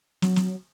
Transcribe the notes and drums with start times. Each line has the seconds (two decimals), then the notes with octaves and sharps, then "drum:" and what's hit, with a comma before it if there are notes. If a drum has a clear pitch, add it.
0.22 F#3, drum: snare
0.36 drum: snare